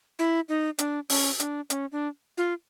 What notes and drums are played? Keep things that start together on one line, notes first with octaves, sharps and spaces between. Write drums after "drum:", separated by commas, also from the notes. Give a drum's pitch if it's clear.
E4
D#4
D4, drum: hi-hat
C#4, drum: open hi-hat
D4, drum: hi-hat
C#4, drum: hi-hat
D4
F4